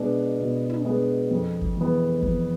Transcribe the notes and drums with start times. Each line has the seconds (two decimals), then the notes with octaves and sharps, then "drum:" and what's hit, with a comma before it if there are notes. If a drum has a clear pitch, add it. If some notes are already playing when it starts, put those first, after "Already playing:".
Already playing: B2 G#3 B3 D4
0.39 B2
0.69 drum: tom
0.85 G#3 B3 D4
1.31 F2
1.61 drum: kick G1
1.77 E3 G#3 B3
2.23 F2, drum: kick G1